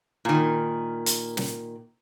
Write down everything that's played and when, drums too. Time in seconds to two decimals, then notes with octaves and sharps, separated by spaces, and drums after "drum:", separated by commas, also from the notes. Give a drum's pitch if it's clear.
0.25 A#2 D#3
1.06 drum: hi-hat
1.37 drum: snare